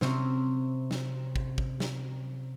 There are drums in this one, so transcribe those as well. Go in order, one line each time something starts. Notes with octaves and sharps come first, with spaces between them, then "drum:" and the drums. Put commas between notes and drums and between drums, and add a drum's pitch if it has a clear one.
C3 C4 C#4, drum: snare
drum: snare
drum: kick
drum: kick
drum: snare